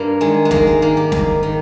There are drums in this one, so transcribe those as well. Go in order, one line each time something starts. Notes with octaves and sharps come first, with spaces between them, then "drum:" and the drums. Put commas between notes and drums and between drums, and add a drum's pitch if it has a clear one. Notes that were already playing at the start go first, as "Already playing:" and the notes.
Already playing: G2 A#3
D#3 G#3
G#3
G#2 A#3, drum: snare
G#3
D#3 A#3
G4
G#2, drum: snare
D#3